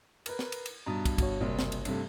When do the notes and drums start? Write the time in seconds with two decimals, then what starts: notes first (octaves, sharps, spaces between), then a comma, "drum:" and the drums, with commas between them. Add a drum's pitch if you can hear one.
0.26 A#4 B4, drum: cymbal
0.39 drum: snare
0.52 drum: cymbal
0.66 drum: cymbal
0.86 G2 B2 A#5 D#6 A6
1.05 drum: kick, cymbal
1.18 G1 F#4 C#5, drum: kick, cymbal
1.40 F#1 C2
1.59 drum: snare
1.72 drum: cymbal
1.85 G2 C3 A3, drum: cymbal